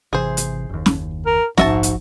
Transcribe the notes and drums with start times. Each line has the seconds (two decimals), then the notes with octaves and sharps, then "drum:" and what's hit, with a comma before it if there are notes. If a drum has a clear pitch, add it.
0.13 G#1 C3 E3 G#4 C5
0.37 drum: hi-hat
0.69 F#1 D#2
0.86 drum: snare
1.26 A#4
1.58 F1 A#1 G#2 F3 F#4 E5 A5, drum: snare
1.83 drum: hi-hat